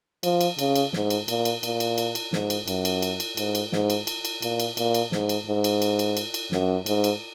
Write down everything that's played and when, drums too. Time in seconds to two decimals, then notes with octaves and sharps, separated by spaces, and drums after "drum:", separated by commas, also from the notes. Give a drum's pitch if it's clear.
0.23 F3, drum: cymbal
0.41 drum: cymbal
0.59 C#3, drum: cymbal
0.76 drum: cymbal
0.93 G#2, drum: snare
1.10 drum: cymbal
1.28 A#2, drum: cymbal
1.45 drum: cymbal
1.63 A#2, drum: cymbal
1.80 drum: cymbal
1.98 drum: cymbal
2.15 drum: cymbal
2.33 G#2, drum: snare
2.50 drum: cymbal
2.68 F#2, drum: cymbal
2.85 drum: cymbal
3.02 drum: cymbal
3.20 drum: cymbal
3.37 G#2, drum: cymbal
3.55 drum: cymbal
3.73 G#2, drum: snare
3.90 drum: cymbal
4.07 drum: cymbal
4.25 drum: cymbal
4.42 A#2, drum: cymbal
4.60 drum: cymbal
4.77 A#2, drum: cymbal
4.94 drum: cymbal
5.12 G#2, drum: snare
5.29 drum: cymbal
5.47 G#2
5.64 drum: cymbal
5.82 drum: cymbal
5.99 drum: cymbal
6.17 drum: cymbal
6.34 drum: cymbal
6.52 F#2, drum: snare
6.86 G#2, drum: cymbal
7.04 drum: cymbal